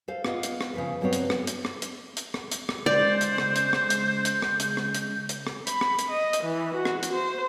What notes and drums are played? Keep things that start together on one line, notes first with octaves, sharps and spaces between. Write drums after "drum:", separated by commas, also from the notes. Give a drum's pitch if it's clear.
A4 C5 F5
B3 F4 D#5, drum: rim click
drum: hi-hat
drum: rim click
C#3 F3 B4
G2 F#3 B3 C4 C#5
drum: hi-hat
drum: rim click
drum: hi-hat
drum: rim click
drum: hi-hat
drum: hi-hat
drum: rim click
drum: hi-hat
drum: rim click
C#3 G#3 C5 D5 G6
drum: hi-hat
drum: rim click
drum: hi-hat
drum: rim click
drum: hi-hat
drum: hi-hat
drum: rim click
drum: hi-hat
drum: rim click
drum: hi-hat
drum: hi-hat
drum: rim click
B5, drum: hi-hat
drum: rim click
drum: hi-hat
D#5
drum: hi-hat
E3
F#4
drum: rim click
drum: hi-hat
C5